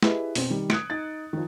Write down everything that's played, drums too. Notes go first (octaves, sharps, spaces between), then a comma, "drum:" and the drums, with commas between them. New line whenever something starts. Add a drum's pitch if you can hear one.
E4 G4 G#4 B4 D#5, drum: snare
B2 C4, drum: open hi-hat
D#3 G3
D#6 F#6 G#6 C#7 D7, drum: snare
D#4 A6
D#3 F3